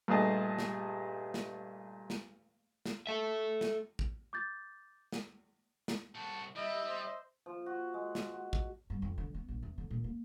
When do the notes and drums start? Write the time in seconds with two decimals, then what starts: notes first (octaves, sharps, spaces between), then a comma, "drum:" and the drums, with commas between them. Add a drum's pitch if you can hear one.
0.08 G2 A#2 A3 G#4 D#5 A5
0.59 drum: snare
1.34 drum: snare
2.10 drum: snare
2.86 drum: snare
3.07 A4 E5
3.61 drum: snare
3.99 drum: kick
4.33 D6 G6 A6
5.12 drum: snare
5.88 drum: snare
6.16 C2 F#4 A5
6.55 G3 E4 D#5 E5
6.88 C5
7.46 F3
7.66 F#4
7.94 G#3
8.15 drum: snare
8.34 F#4
8.53 drum: kick
8.90 G2
9.02 F2
9.18 D3
9.34 B3
9.48 A#1
9.63 E2
9.78 D3
9.91 A#2
10.04 A#3